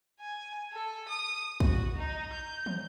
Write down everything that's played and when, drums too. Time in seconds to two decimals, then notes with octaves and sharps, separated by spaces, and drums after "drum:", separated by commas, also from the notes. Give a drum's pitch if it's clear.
0.20 G#5
0.72 A4
1.08 D#6
1.60 F#4, drum: kick
1.96 D#4
2.33 G6
2.66 drum: tom